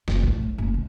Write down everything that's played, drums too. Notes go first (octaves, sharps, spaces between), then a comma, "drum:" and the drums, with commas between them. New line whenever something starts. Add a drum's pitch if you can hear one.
F#1, drum: snare
A2, drum: kick G#1
A2
F#1
C#2